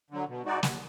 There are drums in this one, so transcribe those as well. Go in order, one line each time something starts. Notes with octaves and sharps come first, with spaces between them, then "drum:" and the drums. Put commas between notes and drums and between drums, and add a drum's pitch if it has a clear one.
D3 F#3
B2
G#3 D#4 F#4 D5
D#2, drum: snare